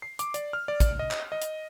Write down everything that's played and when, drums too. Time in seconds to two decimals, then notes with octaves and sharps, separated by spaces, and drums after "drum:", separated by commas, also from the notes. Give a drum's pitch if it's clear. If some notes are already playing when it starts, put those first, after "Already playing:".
0.02 C7
0.19 D6, drum: hi-hat
0.34 D5, drum: hi-hat
0.53 F6
0.68 D5
0.80 drum: kick A1, hi-hat
0.99 D#5
1.11 drum: clap
1.32 D#5
1.42 drum: hi-hat